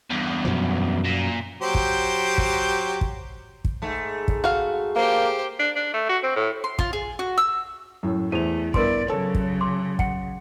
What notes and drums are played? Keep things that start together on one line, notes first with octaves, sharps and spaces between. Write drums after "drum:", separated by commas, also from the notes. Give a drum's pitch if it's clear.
E2 G2
F#2 B2 F3
A#2
F#3 G4 C5
drum: kick
drum: kick
drum: kick
drum: kick
G#2 A3
drum: kick
F#4 F5
A#3 G4 C5
D4
D4
A3
F#4
C4
A2
C6
F4, drum: kick
G#4
F#4
E6
F#2 A2
E2 A3 C5 D#7 F7
G2 B3 E4 A#4 B4 D5 C6, drum: kick
C#3 F#3 A4 C#5
drum: kick
C6 D6
F#5 C#7, drum: kick